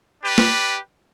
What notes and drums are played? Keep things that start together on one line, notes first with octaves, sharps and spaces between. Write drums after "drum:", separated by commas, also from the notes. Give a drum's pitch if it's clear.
D4 G4 B4
drum: snare